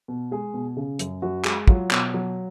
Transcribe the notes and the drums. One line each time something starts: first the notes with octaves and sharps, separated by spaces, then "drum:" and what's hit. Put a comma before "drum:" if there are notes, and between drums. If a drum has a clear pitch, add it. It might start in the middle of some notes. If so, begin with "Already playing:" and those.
B2
G#3 G#4
B2
C#3
F#2, drum: hi-hat
F#2 F#4
G#3, drum: clap
F#3 F4, drum: kick
B2, drum: clap
F#3